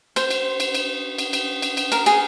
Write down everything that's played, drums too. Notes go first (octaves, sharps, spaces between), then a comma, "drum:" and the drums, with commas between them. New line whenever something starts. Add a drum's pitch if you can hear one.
C5, drum: cymbal
drum: cymbal
drum: cymbal
drum: cymbal
drum: cymbal
drum: cymbal
drum: cymbal
drum: cymbal
A#4, drum: cymbal
G#4, drum: cymbal